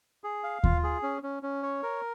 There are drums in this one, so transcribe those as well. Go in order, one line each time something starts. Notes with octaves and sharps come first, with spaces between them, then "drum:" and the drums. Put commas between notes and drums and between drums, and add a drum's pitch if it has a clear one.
G#4
F5
F4, drum: kick D#2
G#4
C#4
C#4
C#4
C#5
A#4